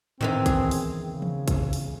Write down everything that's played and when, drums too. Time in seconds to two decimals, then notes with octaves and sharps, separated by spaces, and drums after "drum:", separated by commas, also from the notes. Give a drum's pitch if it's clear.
0.21 E2 D#3 E3 C4, drum: tom G#2
0.46 G#4, drum: kick A#1, hi-hat
0.71 drum: open hi-hat
1.04 C#3
1.22 drum: tom E3
1.48 drum: kick A#1, hi-hat
1.73 drum: open hi-hat